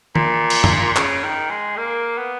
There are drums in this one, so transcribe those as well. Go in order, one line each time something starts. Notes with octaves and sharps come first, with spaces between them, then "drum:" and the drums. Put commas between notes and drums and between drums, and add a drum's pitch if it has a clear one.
A#2, drum: tom D#3
drum: cymbal
drum: tom F#2
C#3, drum: clap
D#3
G#3
A#3
B3